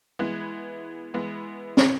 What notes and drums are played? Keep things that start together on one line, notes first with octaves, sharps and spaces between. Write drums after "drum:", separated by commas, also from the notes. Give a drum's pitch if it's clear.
E3 G#3 B3
E3 G#3 B3
drum: snare